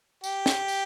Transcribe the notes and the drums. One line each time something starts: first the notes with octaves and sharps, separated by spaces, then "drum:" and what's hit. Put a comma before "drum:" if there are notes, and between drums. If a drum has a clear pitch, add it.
G4, drum: tambourine
drum: snare
drum: tambourine